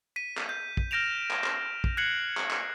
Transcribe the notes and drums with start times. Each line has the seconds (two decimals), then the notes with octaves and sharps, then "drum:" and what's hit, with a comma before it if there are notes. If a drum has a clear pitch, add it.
0.16 B6 D#7
0.37 drum: clap
0.49 G6
0.77 drum: kick
0.91 F6 G6 A#6 D7 E7 F7
1.31 drum: clap
1.44 drum: clap
1.84 drum: kick
1.97 F#6 G#6 C7 C#7 F#7
2.37 drum: clap
2.51 drum: clap